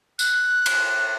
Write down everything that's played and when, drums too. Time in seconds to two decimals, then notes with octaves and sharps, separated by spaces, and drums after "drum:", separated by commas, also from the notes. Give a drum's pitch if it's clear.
0.19 F#6, drum: tambourine
0.66 drum: cymbal